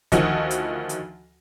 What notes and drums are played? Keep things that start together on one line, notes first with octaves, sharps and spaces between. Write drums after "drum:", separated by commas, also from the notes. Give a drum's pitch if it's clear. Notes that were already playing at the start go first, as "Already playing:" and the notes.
D2 D#3 F3 F#4 D#5, drum: kick, hi-hat
drum: hi-hat
drum: hi-hat